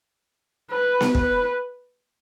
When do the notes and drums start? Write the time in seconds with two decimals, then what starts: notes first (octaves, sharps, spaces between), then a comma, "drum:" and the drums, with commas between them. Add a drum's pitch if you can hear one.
0.71 B4
1.01 drum: snare B3
1.15 B4, drum: kick